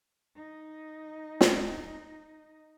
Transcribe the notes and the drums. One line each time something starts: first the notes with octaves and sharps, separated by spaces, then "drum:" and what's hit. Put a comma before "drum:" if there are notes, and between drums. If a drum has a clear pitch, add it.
D#4 D#5
drum: snare